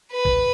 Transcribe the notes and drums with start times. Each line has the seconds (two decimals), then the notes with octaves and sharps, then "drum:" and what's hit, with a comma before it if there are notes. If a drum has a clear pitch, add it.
0.12 B4
0.25 drum: kick A#1